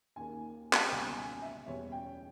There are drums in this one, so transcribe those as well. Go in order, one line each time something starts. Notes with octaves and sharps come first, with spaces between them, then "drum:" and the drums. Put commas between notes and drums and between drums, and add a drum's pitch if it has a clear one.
D#2 D#3 A#3 G#5
drum: clap
G5
C#2 B2 G3 G#5
G#5
E5
E2 B2 G3 B3 C#5
G5